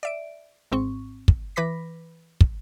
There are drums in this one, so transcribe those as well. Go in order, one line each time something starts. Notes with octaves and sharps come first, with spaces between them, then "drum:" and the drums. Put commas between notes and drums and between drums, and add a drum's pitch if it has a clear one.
D5 E5 D7
G#1 G#2 C4 C#6
drum: kick
E3 B4 B5 D6 A#6 B6
drum: kick